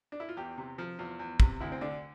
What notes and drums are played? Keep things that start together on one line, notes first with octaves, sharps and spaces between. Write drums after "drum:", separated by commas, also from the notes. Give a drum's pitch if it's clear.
D4
E4
F4
E2 G4
C3
F3
E2 F4
E2
C3, drum: kick
D2 E4
C4
D3 D4